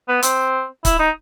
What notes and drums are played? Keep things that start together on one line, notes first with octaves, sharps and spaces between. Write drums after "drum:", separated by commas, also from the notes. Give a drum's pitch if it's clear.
B3
C4, drum: hi-hat
E4, drum: kick C#1, hi-hat
D#4